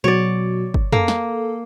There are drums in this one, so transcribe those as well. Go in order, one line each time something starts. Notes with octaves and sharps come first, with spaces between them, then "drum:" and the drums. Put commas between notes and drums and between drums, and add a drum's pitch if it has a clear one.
B2 F#3 F#4 C#5 D5
drum: kick G1
A#3 A4, drum: tom
drum: snare